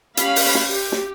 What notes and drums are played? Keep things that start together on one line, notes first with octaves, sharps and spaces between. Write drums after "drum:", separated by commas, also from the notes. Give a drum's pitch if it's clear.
C#4 G4 F5 B5, drum: hi-hat
drum: open hi-hat
drum: snare
G4
drum: snare